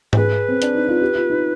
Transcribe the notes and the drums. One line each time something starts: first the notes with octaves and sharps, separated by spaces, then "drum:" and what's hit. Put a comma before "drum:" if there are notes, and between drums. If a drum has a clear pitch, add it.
C5, drum: tom G#2
G#4 B4
C4
D4, drum: hi-hat
D#4
F4
G4
F4
D#4